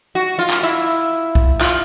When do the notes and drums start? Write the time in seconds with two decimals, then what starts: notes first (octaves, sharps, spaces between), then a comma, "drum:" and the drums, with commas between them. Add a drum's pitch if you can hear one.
0.15 F#4
0.39 F4
0.50 drum: clap
0.63 E4
1.35 drum: kick C2
1.61 F4, drum: clap